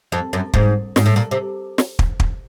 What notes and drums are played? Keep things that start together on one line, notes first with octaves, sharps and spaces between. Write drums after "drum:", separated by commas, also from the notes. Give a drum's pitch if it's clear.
F2
F#2
G#2, drum: kick
G#2, drum: snare
A2
A#2
C3
drum: snare
drum: kick
drum: kick